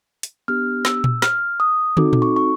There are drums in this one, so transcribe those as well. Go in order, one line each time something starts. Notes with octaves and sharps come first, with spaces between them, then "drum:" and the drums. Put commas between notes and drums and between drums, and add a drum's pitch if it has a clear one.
drum: hi-hat
B3 D4 G4 F6
E6, drum: snare
drum: tom A#2
F6, drum: snare
D#6
C4 D#4 F#4 A4 D6, drum: tom
drum: tom A#2
C#6
C#6